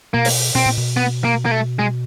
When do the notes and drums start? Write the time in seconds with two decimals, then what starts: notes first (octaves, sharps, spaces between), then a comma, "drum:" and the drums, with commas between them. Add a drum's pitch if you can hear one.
0.14 B2 A#3
0.25 drum: open hi-hat
0.55 B2 C4
0.66 A#2
0.78 B2
0.97 B3
1.25 A#3
1.45 A#3
1.51 A3
1.79 G#3